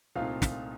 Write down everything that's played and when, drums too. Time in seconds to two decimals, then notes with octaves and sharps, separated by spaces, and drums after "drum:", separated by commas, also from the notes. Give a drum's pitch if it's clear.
0.15 C2 A#2 A3 C4 D#4 F4 F5
0.42 drum: snare